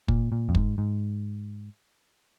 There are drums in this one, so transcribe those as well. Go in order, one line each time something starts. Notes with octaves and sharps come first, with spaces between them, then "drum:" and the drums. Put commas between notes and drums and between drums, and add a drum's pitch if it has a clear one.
A#2, drum: kick
A#2
F2
G#2, drum: kick
G#2